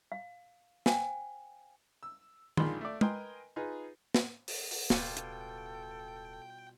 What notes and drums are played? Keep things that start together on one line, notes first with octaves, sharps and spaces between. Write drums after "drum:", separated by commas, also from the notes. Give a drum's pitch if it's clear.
F5
C5 F5 G5 G#5, drum: snare
E6
A#1 D#3 G#3 F4 B5 C6, drum: tom D#3
A3 D5
A#4 B4 D#5 G5 G#5 C6, drum: tom
D#4 F4 G#4 B4
drum: snare
drum: open hi-hat
drum: open hi-hat
D1 B2 G3 F4 A4 G5, drum: snare
drum: hi-hat